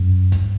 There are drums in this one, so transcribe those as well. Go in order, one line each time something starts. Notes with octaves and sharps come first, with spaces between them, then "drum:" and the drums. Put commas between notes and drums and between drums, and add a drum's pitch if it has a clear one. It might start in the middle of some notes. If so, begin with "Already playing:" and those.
Already playing: F#2
G2, drum: kick, hi-hat